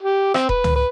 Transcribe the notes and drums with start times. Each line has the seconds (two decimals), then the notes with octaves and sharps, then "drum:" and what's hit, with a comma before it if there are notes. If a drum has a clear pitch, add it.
0.03 G4
0.34 C4, drum: rim click
0.49 B4, drum: kick E1
0.64 drum: tom
0.76 B4